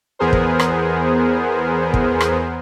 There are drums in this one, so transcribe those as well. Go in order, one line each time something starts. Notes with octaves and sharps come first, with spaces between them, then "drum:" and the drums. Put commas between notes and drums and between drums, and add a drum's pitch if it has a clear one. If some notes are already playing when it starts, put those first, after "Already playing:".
E2 B3 G#4 A#4 C5
drum: kick
drum: rim click
drum: kick
drum: rim click